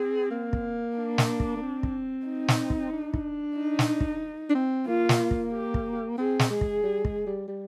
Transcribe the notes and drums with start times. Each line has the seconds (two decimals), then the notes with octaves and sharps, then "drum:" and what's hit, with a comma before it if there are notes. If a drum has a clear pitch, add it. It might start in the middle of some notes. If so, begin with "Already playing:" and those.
Already playing: C4 G#4
0.31 A#3
0.53 drum: kick
0.97 D4
1.18 drum: snare
1.40 drum: kick
1.57 A#3
1.62 C4
1.83 drum: kick
2.26 D#4
2.48 drum: snare
2.70 drum: kick
2.92 D4
3.14 drum: kick
3.57 D#4
3.79 drum: snare
4.00 drum: kick
4.50 D4
4.55 C4
4.87 A#3 F4
5.09 drum: snare
5.31 drum: kick
5.52 G4
5.74 drum: kick
6.18 C4 G#4
6.39 drum: snare
6.50 G#3 G#4
6.61 drum: kick
6.83 G3
7.05 G#3, drum: kick
7.26 G3
7.48 G3